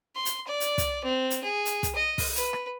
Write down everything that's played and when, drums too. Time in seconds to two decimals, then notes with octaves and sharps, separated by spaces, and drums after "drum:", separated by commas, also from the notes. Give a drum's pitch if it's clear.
0.16 C6
0.25 drum: hi-hat
0.47 D5
0.60 drum: hi-hat
0.78 drum: kick, hi-hat
1.04 C4
1.30 drum: hi-hat
1.44 G#4
1.65 drum: hi-hat
1.83 drum: kick, hi-hat
1.95 D#5
2.18 drum: kick, open hi-hat
2.36 B4, drum: hi-hat
2.53 drum: rim click